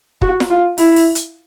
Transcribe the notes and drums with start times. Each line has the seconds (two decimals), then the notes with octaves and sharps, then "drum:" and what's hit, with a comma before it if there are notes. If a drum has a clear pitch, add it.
0.22 F#4, drum: kick
0.40 drum: snare
0.50 F4
0.78 E4, drum: open hi-hat
0.96 drum: open hi-hat
1.15 drum: hi-hat